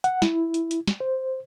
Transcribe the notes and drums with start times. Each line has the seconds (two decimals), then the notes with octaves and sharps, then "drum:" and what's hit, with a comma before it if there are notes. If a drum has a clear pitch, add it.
0.04 F#5, drum: hi-hat
0.22 E4, drum: snare
0.54 drum: hi-hat
0.71 drum: hi-hat
0.88 drum: snare
1.00 C5